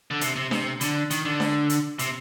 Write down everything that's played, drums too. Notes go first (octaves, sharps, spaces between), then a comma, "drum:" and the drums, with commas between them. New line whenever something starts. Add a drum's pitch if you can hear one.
D3
C3, drum: hi-hat
C3
C3, drum: snare D4
D3, drum: hi-hat
D#3, drum: hi-hat
D3
drum: snare D4
drum: hi-hat
C3, drum: hi-hat